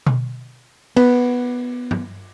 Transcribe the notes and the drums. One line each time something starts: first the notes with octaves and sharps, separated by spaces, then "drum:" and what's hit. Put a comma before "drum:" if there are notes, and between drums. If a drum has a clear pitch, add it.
drum: tom B2
B3, drum: cymbal
drum: tom